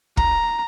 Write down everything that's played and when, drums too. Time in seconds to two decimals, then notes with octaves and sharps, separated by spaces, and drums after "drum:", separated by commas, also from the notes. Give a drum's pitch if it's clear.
0.17 A#5, drum: kick